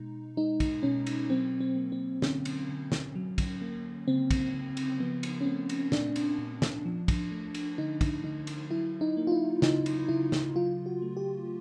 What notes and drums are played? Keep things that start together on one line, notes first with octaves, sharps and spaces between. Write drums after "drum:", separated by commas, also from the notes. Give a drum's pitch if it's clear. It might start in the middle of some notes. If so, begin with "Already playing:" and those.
Already playing: B2 G#3 D#4
G#3 D#4
drum: kick, cymbal
B2 C#4
drum: cymbal
F#3 C4
C4
A#3
C4
D3 C#4, drum: snare
drum: cymbal
D3
drum: snare
F#3
drum: kick, cymbal
A#3
C#3 C4
drum: kick, cymbal
C#3
drum: cymbal
F3 B3
drum: cymbal
C#4
A3 C4
drum: cymbal
A#2 D4, drum: snare
drum: cymbal
A#2
drum: snare
F3
drum: kick, cymbal
A3
drum: cymbal
D3 D#4
drum: kick, cymbal
D3 D#4
drum: cymbal
F#3 E4
D#4
A#3
F4
E4
C#3 D#4, drum: snare
drum: cymbal
C#3 E4
drum: snare
F#3 F4
F#4
A3
G4